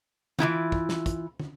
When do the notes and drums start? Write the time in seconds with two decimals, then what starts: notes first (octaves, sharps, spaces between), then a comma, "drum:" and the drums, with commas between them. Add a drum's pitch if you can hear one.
0.39 E3 A3 E4 F4, drum: tom D3
0.72 drum: kick
0.89 drum: snare
1.06 drum: kick, hi-hat
1.40 drum: tom